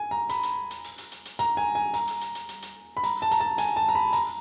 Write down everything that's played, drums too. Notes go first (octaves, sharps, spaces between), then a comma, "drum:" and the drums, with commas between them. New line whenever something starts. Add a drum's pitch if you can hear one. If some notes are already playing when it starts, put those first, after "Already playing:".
Already playing: G#5
A#5
B5, drum: hi-hat
drum: hi-hat
drum: hi-hat
drum: open hi-hat
drum: hi-hat
drum: hi-hat
drum: hi-hat
A#5, drum: hi-hat
G#5
G#5
A#5, drum: open hi-hat
drum: hi-hat
drum: hi-hat
drum: hi-hat
drum: hi-hat
drum: hi-hat
B5
A#5, drum: open hi-hat
A5
A#5, drum: hi-hat
A5
G#5, drum: hi-hat
A5
A#5
B5
A#5, drum: open hi-hat